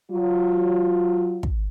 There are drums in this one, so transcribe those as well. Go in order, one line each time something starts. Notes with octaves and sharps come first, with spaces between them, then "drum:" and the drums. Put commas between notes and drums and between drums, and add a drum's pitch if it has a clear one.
F#3 F4
drum: kick